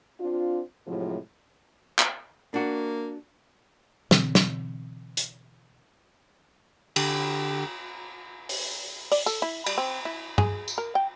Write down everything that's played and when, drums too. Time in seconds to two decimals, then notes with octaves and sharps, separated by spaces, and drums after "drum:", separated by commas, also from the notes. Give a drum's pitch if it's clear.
0.20 C4 D4 F4
0.87 A2 C3 F3 F#3 G#3
1.99 drum: clap
2.54 A#3 D4 F#4
4.11 B2 D3 E3 C4, drum: snare
4.35 drum: snare
5.17 drum: hi-hat
6.96 D3 G4, drum: cymbal
8.49 drum: open hi-hat
9.12 D5, drum: open hi-hat
9.26 A4, drum: tambourine
9.42 E4
9.66 G3, drum: cymbal
9.78 C4
10.05 E4
10.38 G#4, drum: tom
10.68 drum: tambourine
10.78 A#4
10.95 G5